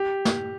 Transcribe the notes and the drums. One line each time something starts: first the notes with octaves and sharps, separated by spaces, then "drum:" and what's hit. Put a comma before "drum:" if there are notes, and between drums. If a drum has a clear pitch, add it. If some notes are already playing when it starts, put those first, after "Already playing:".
Already playing: G4
drum: snare